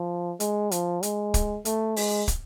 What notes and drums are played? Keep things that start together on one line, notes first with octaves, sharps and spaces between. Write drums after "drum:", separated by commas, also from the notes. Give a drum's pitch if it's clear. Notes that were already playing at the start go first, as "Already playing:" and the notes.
Already playing: F3
G#3, drum: hi-hat
F3, drum: hi-hat
G#3, drum: hi-hat
drum: kick, hi-hat
A3, drum: hi-hat
G#3, drum: open hi-hat
drum: kick, hi-hat